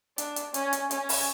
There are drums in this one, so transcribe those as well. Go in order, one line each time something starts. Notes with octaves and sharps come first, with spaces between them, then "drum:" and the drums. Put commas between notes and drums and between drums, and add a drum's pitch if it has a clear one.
D4, drum: hi-hat
drum: hi-hat
C#4, drum: hi-hat
drum: hi-hat
C#4, drum: hi-hat
drum: open hi-hat